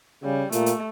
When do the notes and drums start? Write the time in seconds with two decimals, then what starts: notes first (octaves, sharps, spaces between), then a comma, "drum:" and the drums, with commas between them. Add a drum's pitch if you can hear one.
0.24 C#3 G3
0.52 A#2 A3, drum: hi-hat
0.66 drum: hi-hat